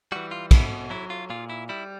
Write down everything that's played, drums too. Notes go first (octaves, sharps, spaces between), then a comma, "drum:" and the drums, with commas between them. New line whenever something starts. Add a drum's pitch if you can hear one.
E3 G3 F#4
F4
B2 E4, drum: kick, cymbal
F#3 E4
F4
A#2 F4
E4
G3 E4